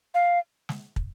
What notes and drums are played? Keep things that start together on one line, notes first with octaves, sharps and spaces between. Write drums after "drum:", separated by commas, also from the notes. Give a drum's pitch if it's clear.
F5
drum: snare
drum: kick